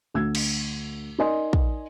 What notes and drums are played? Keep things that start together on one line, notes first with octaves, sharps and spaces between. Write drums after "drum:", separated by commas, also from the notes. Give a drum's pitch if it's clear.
D2 E6 G#6
drum: cymbal
D#4 A#4 D5 D#5 G#5 C6
drum: kick